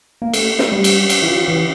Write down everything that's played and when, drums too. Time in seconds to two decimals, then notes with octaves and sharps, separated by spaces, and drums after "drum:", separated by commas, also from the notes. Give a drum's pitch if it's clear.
0.22 A#3
0.33 A3, drum: cymbal
0.59 drum: snare
0.72 G3
0.84 drum: cymbal
1.10 drum: cymbal
1.22 E3
1.28 F3
1.48 E3